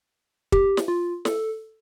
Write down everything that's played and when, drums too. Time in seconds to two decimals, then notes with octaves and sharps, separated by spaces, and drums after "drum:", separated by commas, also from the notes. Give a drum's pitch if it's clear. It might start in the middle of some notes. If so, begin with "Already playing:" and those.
0.52 G4, drum: kick
0.77 drum: snare
0.88 F4
1.25 A4, drum: snare